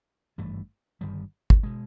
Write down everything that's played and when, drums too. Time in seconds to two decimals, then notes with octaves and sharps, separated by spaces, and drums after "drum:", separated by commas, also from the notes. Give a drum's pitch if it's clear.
0.38 G#1 G2 E3 A3
1.01 G1 G2 D#3 G3
1.50 drum: kick
1.63 B2 G#3